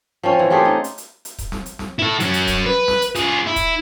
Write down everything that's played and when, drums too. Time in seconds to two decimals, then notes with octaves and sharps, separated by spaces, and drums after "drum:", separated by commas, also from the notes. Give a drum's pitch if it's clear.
0.23 F3 C4 C#4
0.39 E3
0.50 A3 F4 G4 G#4
0.65 D#4
0.84 drum: hi-hat
0.98 drum: hi-hat
1.25 drum: hi-hat
1.38 drum: kick D#1, hi-hat
1.52 drum: snare
1.66 drum: hi-hat
1.79 drum: snare
1.99 E4 A4
2.20 F#3 C#4, drum: hi-hat
2.34 drum: hi-hat
2.47 drum: kick D#1, hi-hat
2.66 B4
2.88 drum: snare
3.02 drum: hi-hat
3.15 F4 G#4, drum: hi-hat
3.47 E4
3.56 drum: kick D#1, hi-hat